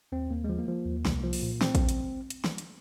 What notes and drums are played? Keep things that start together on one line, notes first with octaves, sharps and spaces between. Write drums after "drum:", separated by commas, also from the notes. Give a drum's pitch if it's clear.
D#2 C4
D#2 A#3
F3 G#3
A#3
F3
D#2
C2, drum: snare
F3
drum: open hi-hat
A#2
C4, drum: snare
drum: kick, hi-hat
drum: hi-hat
drum: hi-hat
drum: snare
drum: hi-hat